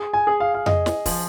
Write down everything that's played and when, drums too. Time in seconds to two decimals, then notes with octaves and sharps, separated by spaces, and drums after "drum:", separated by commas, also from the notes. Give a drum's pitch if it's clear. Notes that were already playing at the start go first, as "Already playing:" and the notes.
Already playing: G#4
0.13 G#5
0.27 G#4
0.40 F5
0.54 F5
0.66 G#4 D#5, drum: tom F2
0.86 drum: snare
1.06 F3, drum: kick, open hi-hat